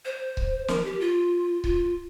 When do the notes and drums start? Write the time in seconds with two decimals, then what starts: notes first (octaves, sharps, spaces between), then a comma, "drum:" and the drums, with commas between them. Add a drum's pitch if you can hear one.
0.05 C5
0.37 drum: kick C#1
0.68 A#4, drum: snare
0.85 G4
1.00 F4
1.64 F4, drum: kick C#1